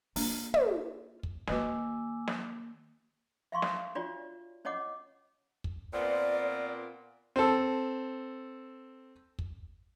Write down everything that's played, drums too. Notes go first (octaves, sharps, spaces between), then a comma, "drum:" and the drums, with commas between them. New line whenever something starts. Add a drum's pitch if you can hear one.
A#3 D4 F4, drum: open hi-hat
drum: tom
drum: kick
D#3 A#3 F#4 B4 D#5 G#5 D6 E6, drum: snare
drum: snare
E5 F5 C6 C#6
drum: snare
D4 F4 F#4 C#5 D5
C#4 C#5 D#5 F#5 D6
drum: kick
A#2 B3 C4 D5
C4 A4
drum: kick